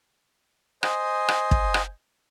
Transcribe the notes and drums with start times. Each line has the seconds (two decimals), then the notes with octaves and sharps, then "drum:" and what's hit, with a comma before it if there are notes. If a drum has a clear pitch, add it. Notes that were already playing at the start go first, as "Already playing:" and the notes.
0.83 C5 D#5 G#5, drum: rim click
1.28 drum: rim click
1.51 drum: kick
1.74 drum: rim click